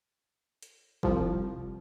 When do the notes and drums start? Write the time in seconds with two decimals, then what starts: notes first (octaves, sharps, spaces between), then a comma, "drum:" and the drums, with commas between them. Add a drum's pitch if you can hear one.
0.62 drum: hi-hat
1.03 C2 F3, drum: kick